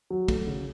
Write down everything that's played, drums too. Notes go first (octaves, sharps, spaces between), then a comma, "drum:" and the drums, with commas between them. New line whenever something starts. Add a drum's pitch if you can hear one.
F#3
A3, drum: kick, cymbal
C#3